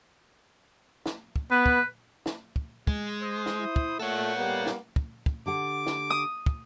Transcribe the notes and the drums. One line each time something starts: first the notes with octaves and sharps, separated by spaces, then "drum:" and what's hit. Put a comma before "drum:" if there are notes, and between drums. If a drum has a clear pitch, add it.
drum: snare
drum: kick
B3 B4
drum: kick
drum: snare
drum: kick
G#3, drum: kick
C5 D#6
drum: snare
E4
drum: kick
A#2 A3 A4 C#5 F#5
G3 A#3 B3
drum: snare
drum: kick
drum: kick
D3 G4 F#5 D6
drum: snare
D#6
drum: kick